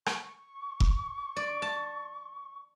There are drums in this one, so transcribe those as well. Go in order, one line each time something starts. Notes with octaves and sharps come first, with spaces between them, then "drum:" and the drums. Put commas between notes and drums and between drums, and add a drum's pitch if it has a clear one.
C#6, drum: rim click
drum: kick F1
D5
A5